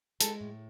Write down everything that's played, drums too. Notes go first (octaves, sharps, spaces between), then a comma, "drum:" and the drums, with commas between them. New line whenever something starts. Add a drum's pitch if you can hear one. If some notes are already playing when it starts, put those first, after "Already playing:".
G#3 A4, drum: hi-hat
A2